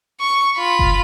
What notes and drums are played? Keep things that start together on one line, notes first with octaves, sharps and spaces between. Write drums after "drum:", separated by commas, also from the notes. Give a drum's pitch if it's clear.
C#6
F4 B5
drum: kick F#1